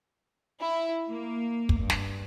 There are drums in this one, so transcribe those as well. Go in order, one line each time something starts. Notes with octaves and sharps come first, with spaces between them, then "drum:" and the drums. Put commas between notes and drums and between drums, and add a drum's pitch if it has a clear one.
E4
A#3
drum: kick
G2
drum: snare